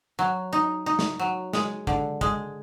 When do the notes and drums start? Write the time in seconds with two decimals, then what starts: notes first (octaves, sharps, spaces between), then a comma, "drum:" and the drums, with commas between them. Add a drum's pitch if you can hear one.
0.19 F#3
0.53 D#4
0.86 D#4
0.99 drum: snare
1.19 F#3
1.53 G#3, drum: snare
1.87 D3, drum: kick
2.21 G#3, drum: kick